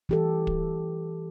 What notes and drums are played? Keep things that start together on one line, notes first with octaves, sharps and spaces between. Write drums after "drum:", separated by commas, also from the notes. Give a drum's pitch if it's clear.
E3 G4 A4
drum: kick